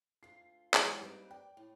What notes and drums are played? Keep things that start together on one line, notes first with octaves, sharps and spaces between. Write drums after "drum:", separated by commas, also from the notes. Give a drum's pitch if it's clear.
D2 F4 C7
G#2 E3 F#3 G#3 G#4 C#5, drum: clap
G3 A#3 C4 D#4 B4
D5 G5
A2